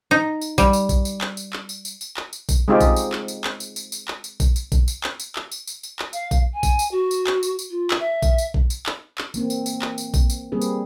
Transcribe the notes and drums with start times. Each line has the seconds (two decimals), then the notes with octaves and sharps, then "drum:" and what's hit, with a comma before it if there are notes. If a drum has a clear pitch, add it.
0.11 D#4
0.41 drum: tambourine
0.58 G3, drum: kick A#1, tambourine
0.73 drum: tambourine
0.89 drum: kick A#1, tambourine
1.05 drum: tambourine
1.21 drum: clap
1.37 drum: tambourine
1.53 drum: clap
1.69 drum: tambourine
1.85 drum: tambourine
2.01 drum: tambourine
2.17 drum: clap
2.33 drum: tambourine
2.49 drum: kick A#1, tambourine
2.68 G#3 C4 D#4 F4 G4
2.81 drum: kick A#1, tambourine
2.96 drum: tambourine
3.12 drum: clap
3.28 drum: tambourine
3.44 drum: clap
3.60 drum: tambourine
3.76 drum: tambourine
3.92 drum: tambourine
4.08 drum: clap
4.24 drum: tambourine
4.40 drum: kick A#1, tambourine
4.56 drum: tambourine
4.72 drum: kick A#1, tambourine
4.88 drum: tambourine
5.04 drum: clap
5.20 drum: tambourine
5.36 drum: clap
5.51 drum: tambourine
5.67 drum: tambourine
5.83 drum: tambourine
5.99 drum: clap
6.13 F5, drum: tambourine
6.31 drum: kick A#1, tambourine
6.54 G#5
6.63 drum: kick A#1, tambourine
6.79 drum: tambourine
6.92 F#4
7.11 drum: tambourine
7.27 drum: clap
7.43 drum: tambourine
7.59 drum: tambourine
7.70 F4
7.91 drum: clap
8.00 E5
8.22 drum: kick A#1, tambourine
8.38 drum: tambourine
8.54 drum: kick A#1
8.70 drum: tambourine
8.86 drum: clap
9.18 drum: clap
9.34 E3 A#3 C4, drum: tambourine
9.50 drum: tambourine
9.66 drum: tambourine
9.82 drum: clap
9.98 drum: tambourine
10.14 drum: kick A#1, tambourine
10.30 drum: tambourine
10.52 G3 A#3 C4 G#4 B4
10.62 drum: tambourine